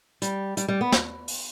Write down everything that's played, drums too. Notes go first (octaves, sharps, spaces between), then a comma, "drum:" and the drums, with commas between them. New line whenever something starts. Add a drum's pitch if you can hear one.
G3, drum: hi-hat
G3, drum: hi-hat
G3
B3
drum: snare
drum: open hi-hat